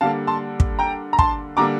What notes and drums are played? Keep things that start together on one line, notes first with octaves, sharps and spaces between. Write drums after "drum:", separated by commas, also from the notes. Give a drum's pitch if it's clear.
D3 G3 A#3 F5 A5
A5 C6
drum: kick
G5 A#5
A#5
A5 C6, drum: kick
D3 G3 A#3 A#5 D6